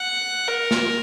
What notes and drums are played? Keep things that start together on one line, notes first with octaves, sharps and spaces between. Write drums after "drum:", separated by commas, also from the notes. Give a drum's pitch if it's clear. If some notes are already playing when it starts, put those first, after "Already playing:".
Already playing: F#5
A#4
drum: snare